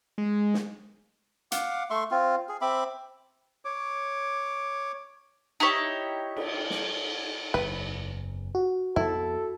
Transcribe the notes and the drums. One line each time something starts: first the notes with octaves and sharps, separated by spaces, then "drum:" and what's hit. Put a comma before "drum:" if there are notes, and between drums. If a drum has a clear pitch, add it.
G#3
drum: snare
F5 F#5 D6, drum: hi-hat
A3 E5 C6 C#6
C4 F4
G#4
C4 E5 B5 D6
C#5 D6
D#4 E4 G4 C#5
drum: cymbal
drum: snare
F#1 E2 B4
F#4
F2 B3 E4 A4